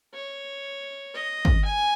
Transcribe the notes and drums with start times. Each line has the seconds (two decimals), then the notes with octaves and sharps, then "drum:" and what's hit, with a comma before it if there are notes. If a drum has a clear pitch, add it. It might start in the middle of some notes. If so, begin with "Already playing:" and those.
0.14 C#5
1.14 D#5
1.45 drum: kick
1.65 G#5